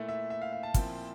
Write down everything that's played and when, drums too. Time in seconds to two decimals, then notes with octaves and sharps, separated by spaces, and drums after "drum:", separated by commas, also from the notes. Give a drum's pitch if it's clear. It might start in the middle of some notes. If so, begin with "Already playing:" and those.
Already playing: A#2 A3 E4
0.08 E5
0.30 E5
0.42 F5
0.53 F5
0.63 A5
0.74 A#2 F3 C4 E4, drum: kick, hi-hat